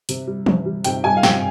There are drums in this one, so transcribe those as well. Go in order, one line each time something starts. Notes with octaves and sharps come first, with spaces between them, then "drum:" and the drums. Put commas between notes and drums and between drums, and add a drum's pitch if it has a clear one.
C3, drum: hi-hat
G3
C3, drum: tom E3
G3
C3 G5, drum: hi-hat
G3 G#5
F5
C3 G5, drum: snare